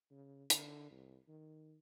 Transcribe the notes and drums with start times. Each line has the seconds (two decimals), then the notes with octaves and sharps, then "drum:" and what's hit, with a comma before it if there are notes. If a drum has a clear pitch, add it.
0.11 C#3
0.50 D3, drum: hi-hat
0.91 C2
1.28 D#3